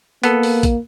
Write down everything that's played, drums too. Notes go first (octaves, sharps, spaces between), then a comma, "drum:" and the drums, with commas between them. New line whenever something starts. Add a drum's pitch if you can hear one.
A#3 B3 A4, drum: hi-hat
drum: open hi-hat
drum: kick, hi-hat